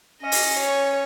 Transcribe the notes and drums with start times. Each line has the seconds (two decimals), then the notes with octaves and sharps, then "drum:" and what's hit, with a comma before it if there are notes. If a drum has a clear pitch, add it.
0.22 C#4 D#5
0.32 drum: open hi-hat
0.58 C#5